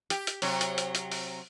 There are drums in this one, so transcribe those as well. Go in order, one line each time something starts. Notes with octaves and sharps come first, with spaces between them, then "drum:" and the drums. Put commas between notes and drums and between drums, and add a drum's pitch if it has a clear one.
G4, drum: hi-hat
drum: hi-hat
C3 F#3 C#5, drum: open hi-hat
drum: hi-hat
drum: hi-hat
drum: hi-hat
drum: open hi-hat